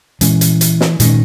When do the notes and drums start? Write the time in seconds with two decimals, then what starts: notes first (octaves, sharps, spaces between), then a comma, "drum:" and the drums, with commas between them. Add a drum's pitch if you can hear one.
0.21 A#2 E3 G#3 C#4, drum: hi-hat
0.41 drum: hi-hat
0.61 drum: hi-hat
0.81 drum: snare
1.00 A#2 D#3 G#3 C#4, drum: hi-hat